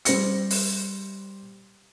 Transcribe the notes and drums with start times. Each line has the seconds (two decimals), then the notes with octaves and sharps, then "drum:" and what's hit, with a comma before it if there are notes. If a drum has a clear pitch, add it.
0.05 G3 C5 A#6 C#7, drum: hi-hat
0.51 drum: open hi-hat